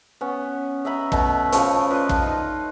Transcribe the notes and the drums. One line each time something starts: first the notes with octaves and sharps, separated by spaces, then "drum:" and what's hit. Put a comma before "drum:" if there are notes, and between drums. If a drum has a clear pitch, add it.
B3 C#4
D#5 E5 A#5 B5
B2 A3, drum: kick
C#3 F3 C#6, drum: hi-hat
F4 B4 D5 D#5
drum: kick
D#4